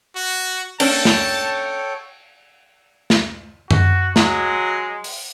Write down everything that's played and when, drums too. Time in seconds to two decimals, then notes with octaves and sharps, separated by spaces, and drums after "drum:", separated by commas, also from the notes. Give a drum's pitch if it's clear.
0.16 F#4
0.80 A#3 C#4 D4 A4 C#5 G5 A5, drum: cymbal
1.05 drum: snare
3.10 drum: snare
3.71 F#4, drum: tom F#2
4.16 F#3 G#3, drum: snare
5.04 drum: open hi-hat